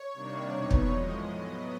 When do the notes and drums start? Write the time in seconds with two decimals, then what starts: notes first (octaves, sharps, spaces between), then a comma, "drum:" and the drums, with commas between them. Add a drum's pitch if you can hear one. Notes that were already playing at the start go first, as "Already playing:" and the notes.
Already playing: C#5
0.13 C3 D#3 G3 A#3 D4
0.51 E2 B2 F#3 B3 D#4
0.71 drum: kick
0.89 A2 F3 G#3 D#5
1.28 A2 F#3 B3